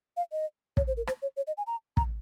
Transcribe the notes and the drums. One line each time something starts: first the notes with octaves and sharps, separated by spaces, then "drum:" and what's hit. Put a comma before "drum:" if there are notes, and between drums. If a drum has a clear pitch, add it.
F5
D#5
C#5, drum: kick
C5
A#4
C5, drum: rim click
C#5
C#5
D#5
G#5
A#5
A#5, drum: kick